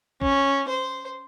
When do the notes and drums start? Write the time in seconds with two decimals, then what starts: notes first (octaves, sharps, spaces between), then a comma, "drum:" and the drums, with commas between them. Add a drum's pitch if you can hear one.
0.22 C#4, drum: kick A#1
0.68 C5